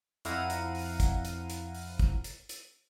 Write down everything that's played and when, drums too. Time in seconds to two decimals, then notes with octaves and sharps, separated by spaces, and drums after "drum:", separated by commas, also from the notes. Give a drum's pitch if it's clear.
0.25 F2 E4 F5 F#5 A#5 D#7, drum: hi-hat
0.50 drum: hi-hat
0.75 drum: open hi-hat
1.00 drum: kick, hi-hat
1.25 drum: hi-hat
1.50 drum: hi-hat
1.75 drum: open hi-hat
1.99 drum: kick, hi-hat
2.24 drum: hi-hat
2.49 drum: hi-hat